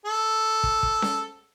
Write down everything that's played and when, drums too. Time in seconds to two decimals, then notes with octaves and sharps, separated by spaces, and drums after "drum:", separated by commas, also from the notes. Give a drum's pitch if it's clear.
0.05 A4
0.64 drum: kick
0.83 drum: kick
1.02 drum: snare C#4